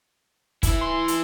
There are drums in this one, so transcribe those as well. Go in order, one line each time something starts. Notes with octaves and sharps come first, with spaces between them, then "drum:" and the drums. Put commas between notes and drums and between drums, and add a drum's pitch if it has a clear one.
E3 E4, drum: kick, hi-hat
C6
drum: hi-hat